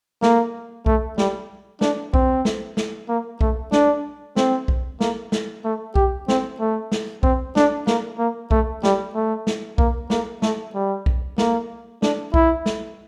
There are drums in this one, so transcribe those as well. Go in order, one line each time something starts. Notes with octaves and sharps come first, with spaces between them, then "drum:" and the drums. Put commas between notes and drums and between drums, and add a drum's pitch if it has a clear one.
A#3, drum: snare
A3, drum: kick B1
G3, drum: snare
D4, drum: snare
C4, drum: kick B1
drum: snare
drum: snare
A#3
A3, drum: kick B1
D4, drum: snare
C4, drum: snare
drum: kick B1
A#3, drum: snare
drum: snare
A3
G4, drum: kick B1
C4, drum: snare
A3
drum: snare
C4, drum: kick B1
D4, drum: snare
A#3, drum: snare
A#3
A3, drum: kick B1
G3, drum: snare
A3
drum: snare
A#3, drum: kick B1
A#3, drum: snare
A3, drum: snare
G3
drum: kick B1
A#3, drum: snare
D4, drum: snare
E4, drum: kick B1
drum: snare